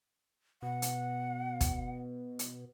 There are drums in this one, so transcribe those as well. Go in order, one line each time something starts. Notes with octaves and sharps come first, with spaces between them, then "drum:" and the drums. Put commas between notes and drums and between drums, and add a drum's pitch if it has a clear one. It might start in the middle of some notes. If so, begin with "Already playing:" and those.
B2 F#5
drum: hi-hat
drum: kick, hi-hat
drum: hi-hat